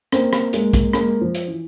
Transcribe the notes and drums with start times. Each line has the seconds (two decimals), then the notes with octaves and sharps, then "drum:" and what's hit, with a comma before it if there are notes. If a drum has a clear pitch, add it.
0.12 A#3 C4, drum: rim click
0.33 drum: rim click
0.53 G#3 A#3, drum: hi-hat
0.73 drum: kick, hi-hat
0.93 G#3 A#3, drum: rim click
1.21 F3
1.35 drum: hi-hat
1.48 E3